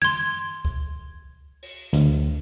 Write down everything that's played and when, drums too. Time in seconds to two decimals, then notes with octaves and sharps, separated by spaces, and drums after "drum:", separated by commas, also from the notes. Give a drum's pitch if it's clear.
0.02 C6 G#6, drum: tom
0.65 drum: kick C#2
1.63 drum: cymbal
1.93 D2, drum: snare